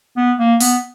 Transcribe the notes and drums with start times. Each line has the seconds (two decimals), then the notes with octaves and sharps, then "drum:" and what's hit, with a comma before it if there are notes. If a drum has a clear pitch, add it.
0.17 B3
0.39 A#3
0.60 B3, drum: open hi-hat